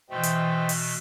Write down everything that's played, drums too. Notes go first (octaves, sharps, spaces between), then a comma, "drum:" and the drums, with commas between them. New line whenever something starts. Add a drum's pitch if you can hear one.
B2 E3 A3 C5 D#5 G5
drum: hi-hat
drum: open hi-hat